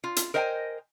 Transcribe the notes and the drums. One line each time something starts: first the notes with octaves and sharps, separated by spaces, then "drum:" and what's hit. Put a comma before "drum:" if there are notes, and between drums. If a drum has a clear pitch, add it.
F4
drum: hi-hat
A#4 C5 D#5 F5 G5 G#5